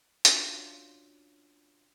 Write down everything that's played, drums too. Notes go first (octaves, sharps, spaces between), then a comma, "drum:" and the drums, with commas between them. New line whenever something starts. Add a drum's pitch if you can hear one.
C#4 D4 F4 F#4 F5 C6, drum: hi-hat